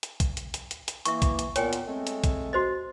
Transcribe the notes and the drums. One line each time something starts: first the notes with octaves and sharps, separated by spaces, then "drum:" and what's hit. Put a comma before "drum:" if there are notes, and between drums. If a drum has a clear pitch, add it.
drum: hi-hat
drum: kick A#1, hi-hat
drum: hi-hat
drum: hi-hat
drum: hi-hat
drum: hi-hat
E3 A#3 E5 C#6, drum: hi-hat
drum: kick A#1, hi-hat
drum: hi-hat
A#2 B3 C#5 G5 G#5, drum: hi-hat
drum: hi-hat
G#3 A3 C4
drum: hi-hat
drum: kick A#1, hi-hat
F#4 C5 D#5